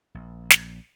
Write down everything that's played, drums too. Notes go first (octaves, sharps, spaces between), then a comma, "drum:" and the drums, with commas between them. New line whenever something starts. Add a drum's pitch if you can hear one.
A#1
drum: snare